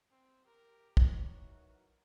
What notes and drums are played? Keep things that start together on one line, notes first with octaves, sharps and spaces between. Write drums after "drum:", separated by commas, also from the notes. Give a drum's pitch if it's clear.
C4
G4 A#4
E3 F#3 D#4 F#4, drum: kick
A#4